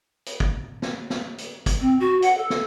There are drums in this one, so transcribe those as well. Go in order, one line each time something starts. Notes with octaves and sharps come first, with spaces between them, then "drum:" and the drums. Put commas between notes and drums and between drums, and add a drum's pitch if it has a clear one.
drum: hi-hat
drum: kick
drum: snare
drum: snare
drum: hi-hat
drum: kick, hi-hat
C4
F#4
F#5, drum: hi-hat
A4
drum: snare